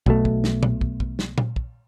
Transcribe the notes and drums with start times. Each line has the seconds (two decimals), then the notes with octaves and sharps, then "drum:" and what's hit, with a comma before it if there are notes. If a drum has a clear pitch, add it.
0.06 B1 B2 A3, drum: kick
0.25 drum: kick
0.44 drum: snare
0.63 drum: tom A#2
0.81 drum: kick
1.00 drum: kick
1.19 drum: snare
1.38 drum: tom A#2
1.56 drum: kick